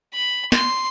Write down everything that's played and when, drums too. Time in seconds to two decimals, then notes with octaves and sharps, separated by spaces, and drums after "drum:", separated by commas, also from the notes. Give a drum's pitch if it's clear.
0.14 B5
0.52 C6, drum: snare